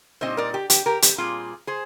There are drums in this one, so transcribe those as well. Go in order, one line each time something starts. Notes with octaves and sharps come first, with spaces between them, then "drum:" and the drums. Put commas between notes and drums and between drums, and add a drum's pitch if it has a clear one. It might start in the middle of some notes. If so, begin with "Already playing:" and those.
A#2 G3 C4 D#4 C5 D#5
A#4 D5
G4
G4, drum: hi-hat
G4 A#4
G4, drum: hi-hat
A#2 G3 C4 F4 G#4
G#4 C5